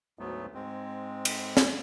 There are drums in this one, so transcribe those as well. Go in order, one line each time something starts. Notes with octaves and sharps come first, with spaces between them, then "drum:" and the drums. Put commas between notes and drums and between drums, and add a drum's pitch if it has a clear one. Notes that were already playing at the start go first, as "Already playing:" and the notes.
D2 G#2 F#3 A3 B3
G#2 G#3 C4
drum: cymbal
drum: snare